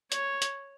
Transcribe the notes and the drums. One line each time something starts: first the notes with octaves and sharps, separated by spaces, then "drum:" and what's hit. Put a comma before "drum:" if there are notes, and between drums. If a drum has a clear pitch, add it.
C#5, drum: hi-hat
drum: hi-hat